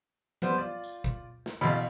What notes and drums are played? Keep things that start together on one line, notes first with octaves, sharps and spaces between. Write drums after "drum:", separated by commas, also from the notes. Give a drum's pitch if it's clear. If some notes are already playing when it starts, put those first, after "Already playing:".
G3 B3 C5, drum: tom F3
F4 D5
drum: tambourine
drum: kick
drum: snare
A1 B2 F5 B5